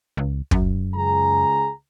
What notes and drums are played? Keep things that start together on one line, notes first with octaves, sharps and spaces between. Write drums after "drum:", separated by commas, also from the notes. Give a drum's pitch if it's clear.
C#2
F#2, drum: kick
C#2 G#4 A#5